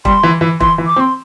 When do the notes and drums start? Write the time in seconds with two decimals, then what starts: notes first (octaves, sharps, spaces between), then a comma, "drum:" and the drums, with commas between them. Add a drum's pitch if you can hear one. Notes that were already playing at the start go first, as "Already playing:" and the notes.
0.05 G3 C6, drum: kick E1
0.23 E3
0.41 E3
0.60 E3 C6, drum: kick E1
0.78 E3
0.87 D6
0.96 C4
1.00 C6